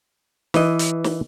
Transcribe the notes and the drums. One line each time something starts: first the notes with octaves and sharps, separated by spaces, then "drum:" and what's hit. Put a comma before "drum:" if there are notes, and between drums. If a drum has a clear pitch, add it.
E3 D#5, drum: snare
drum: hi-hat
drum: snare